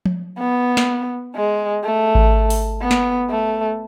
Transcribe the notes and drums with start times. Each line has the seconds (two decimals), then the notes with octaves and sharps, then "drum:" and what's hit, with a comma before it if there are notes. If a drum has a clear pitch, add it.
0.06 drum: tom F3
0.38 B3
0.77 drum: snare
1.36 G#3
1.84 A3
2.15 drum: kick G#1
2.50 drum: open hi-hat
2.81 B3
2.91 drum: snare
3.30 A3